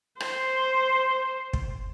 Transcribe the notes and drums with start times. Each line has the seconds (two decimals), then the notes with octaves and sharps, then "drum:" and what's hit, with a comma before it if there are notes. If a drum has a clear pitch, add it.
0.20 C5, drum: rim click
1.53 drum: kick